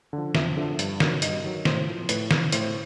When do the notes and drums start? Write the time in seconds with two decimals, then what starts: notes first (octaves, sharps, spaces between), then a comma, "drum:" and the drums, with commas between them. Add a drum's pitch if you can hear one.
0.13 D3 F3
0.35 F2 E5, drum: snare
0.57 D3 F3
0.79 G2, drum: hi-hat
1.00 D#3 F#3, drum: snare
1.22 G2 D#5, drum: hi-hat
1.44 D#3 F#3
1.65 A2 C5, drum: snare
1.87 F3
2.09 A2 B4, drum: hi-hat
2.31 F3, drum: snare
2.52 A2 C5, drum: hi-hat